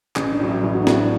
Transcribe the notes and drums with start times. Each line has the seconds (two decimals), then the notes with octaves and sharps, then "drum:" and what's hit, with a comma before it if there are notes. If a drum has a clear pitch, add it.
0.16 A1 C#4, drum: clap
0.33 D4
0.40 A2 F#3
0.48 E4
0.64 A1 E4
0.75 F#4
0.82 D4
0.87 A2 F#3 E4, drum: snare
0.99 D4